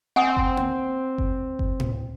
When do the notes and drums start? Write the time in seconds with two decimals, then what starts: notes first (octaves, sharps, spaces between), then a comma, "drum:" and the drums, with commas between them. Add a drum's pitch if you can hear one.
0.16 C4 F#5 G#5 D#6
0.37 drum: kick F#1
0.57 drum: tom A#3
1.18 drum: kick F#1
1.59 drum: kick F#1
1.80 drum: tom A2